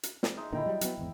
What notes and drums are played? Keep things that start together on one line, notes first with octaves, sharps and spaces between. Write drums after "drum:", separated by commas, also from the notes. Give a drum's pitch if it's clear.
drum: hi-hat
drum: snare
G#3 D#4 E5
A#2 D3 D#3 E4 G5 A#5
F#3 G3
F#3 B3, drum: hi-hat
G#1 E2